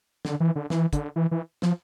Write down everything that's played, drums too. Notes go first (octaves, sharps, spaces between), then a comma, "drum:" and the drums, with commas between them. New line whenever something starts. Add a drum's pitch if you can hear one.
D3, drum: snare
E3
D3
E3, drum: snare
D3, drum: kick, hi-hat
E3
E3
F3, drum: snare